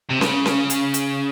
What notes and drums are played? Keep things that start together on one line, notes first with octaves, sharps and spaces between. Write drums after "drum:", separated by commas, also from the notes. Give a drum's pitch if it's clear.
C3
C#3, drum: snare C#4
drum: snare C#4
drum: hi-hat
drum: hi-hat